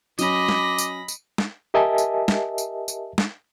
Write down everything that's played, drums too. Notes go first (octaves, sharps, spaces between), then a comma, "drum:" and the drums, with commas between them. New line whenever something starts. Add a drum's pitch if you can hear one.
F#3 C#4 D#5 B5 D6 A#6, drum: tambourine
drum: snare
drum: tambourine
drum: tambourine
drum: snare
G4 A#4 D#5 E5 G#5 A5
drum: tambourine
drum: snare
drum: tambourine
drum: tambourine
drum: snare